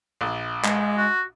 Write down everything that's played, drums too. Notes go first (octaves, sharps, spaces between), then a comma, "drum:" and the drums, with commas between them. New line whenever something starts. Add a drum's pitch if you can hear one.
A#1
G#3, drum: clap
F#4